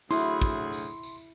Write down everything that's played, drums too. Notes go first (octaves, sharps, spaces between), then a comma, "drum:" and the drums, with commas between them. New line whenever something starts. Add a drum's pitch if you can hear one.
D2 F#3 E4 G#4 C6, drum: tambourine
drum: kick, tambourine
drum: tambourine
drum: tambourine